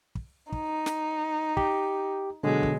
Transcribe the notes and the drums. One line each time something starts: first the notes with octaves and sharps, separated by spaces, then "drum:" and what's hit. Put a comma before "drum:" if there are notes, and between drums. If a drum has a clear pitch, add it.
drum: kick
D#4, drum: kick
drum: snare
G4, drum: kick
B2 D3 F#3 G#3
drum: kick